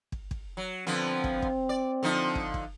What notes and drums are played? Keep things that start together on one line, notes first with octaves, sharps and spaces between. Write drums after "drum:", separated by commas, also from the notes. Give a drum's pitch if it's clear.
drum: kick
drum: kick
F#3
D3 F3 B3 C4
drum: kick
drum: kick
D5
D3 F3 D#4
drum: kick
drum: kick